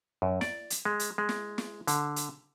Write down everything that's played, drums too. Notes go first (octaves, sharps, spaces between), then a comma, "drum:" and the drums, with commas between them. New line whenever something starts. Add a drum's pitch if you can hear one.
F#2
D5, drum: snare
drum: hi-hat
G#3
drum: hi-hat
G#3
drum: snare
drum: snare
D3, drum: hi-hat
drum: hi-hat